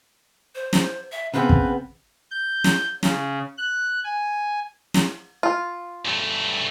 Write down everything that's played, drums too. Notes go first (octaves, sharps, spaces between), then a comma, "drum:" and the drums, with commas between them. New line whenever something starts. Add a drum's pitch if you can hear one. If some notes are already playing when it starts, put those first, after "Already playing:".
C5
drum: snare
E5
C#3 B3 C4 B4
drum: kick
G6
drum: snare
C#3, drum: snare
F#6
G#5
drum: snare
F4
G2 A3